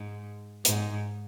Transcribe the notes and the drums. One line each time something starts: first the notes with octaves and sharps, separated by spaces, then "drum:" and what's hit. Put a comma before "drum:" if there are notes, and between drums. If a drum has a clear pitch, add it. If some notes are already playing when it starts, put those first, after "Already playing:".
Already playing: G#2
G#2, drum: hi-hat